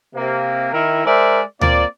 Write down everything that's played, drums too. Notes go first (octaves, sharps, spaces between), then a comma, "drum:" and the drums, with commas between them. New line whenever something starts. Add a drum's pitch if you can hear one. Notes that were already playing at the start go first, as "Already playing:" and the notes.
C3 A#3
D#3 E4 A#4
G#3 A#4 C5 D5 E5
A#3 C4 F4 D5, drum: tom D2